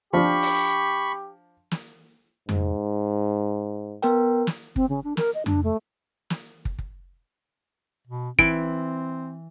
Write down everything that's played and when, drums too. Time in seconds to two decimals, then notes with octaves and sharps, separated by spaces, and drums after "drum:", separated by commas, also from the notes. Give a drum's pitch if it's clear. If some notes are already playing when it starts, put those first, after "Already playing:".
0.13 F3 D4 G4 B5 C#6
0.43 drum: open hi-hat
1.71 drum: snare
2.49 G#2, drum: tom F2
4.02 B3 A#4 G5, drum: hi-hat
4.47 drum: snare
4.76 C4, drum: kick
4.89 C#3
5.04 D4
5.17 A#4, drum: snare
5.35 D#5
5.46 D4, drum: tom F2
5.64 A3
6.30 drum: snare
6.65 drum: kick
6.79 drum: kick
8.07 B2
8.39 E3 C4 D7, drum: kick